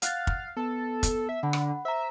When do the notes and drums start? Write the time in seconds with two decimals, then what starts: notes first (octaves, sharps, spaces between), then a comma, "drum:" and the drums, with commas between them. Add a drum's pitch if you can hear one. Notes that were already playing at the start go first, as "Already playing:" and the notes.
0.02 F5 F#5 F#6 A6, drum: hi-hat
0.27 drum: kick
0.57 B3 A4 A5
1.03 drum: kick, hi-hat
1.29 E5
1.43 D3 F#5 B5
1.53 drum: rim click
1.85 C5 E5 A#5